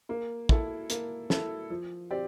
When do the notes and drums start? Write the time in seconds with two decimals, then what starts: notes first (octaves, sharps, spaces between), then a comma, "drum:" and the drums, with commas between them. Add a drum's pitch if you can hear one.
0.09 A#3
0.49 E4 A4, drum: kick
0.90 A#3, drum: hi-hat
1.30 E4 A4, drum: snare
1.70 F3
2.10 C4 G4 D5